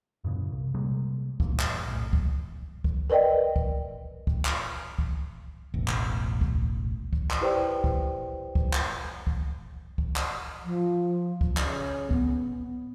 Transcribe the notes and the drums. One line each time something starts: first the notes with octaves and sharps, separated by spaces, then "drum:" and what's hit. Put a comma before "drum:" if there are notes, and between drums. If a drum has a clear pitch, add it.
F#2 A#2 C#3 E3
C2
C3 G3 G#3 A#3
E2 G2 A#2, drum: kick
drum: clap
B1 A2
drum: kick
drum: kick
A#4 B4 D5 D#5 G5
drum: kick
drum: kick
drum: clap
drum: kick
E1 A1
drum: clap
drum: kick
drum: kick
drum: clap
E4 G4 B4 C5 D5 G5
drum: kick
drum: kick
drum: clap
drum: kick
drum: kick
drum: clap
F3
drum: kick
C#3, drum: clap
B3, drum: kick